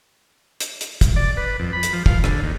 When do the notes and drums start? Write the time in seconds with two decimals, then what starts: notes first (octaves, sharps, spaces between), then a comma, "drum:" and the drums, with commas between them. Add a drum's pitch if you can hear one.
0.60 drum: hi-hat
0.81 drum: hi-hat
1.01 drum: kick, hi-hat
1.16 D5
1.37 B4
1.60 F2
1.73 B5
1.83 drum: hi-hat
1.93 F3
2.06 F5, drum: kick
2.24 D3, drum: rim click
2.43 D#2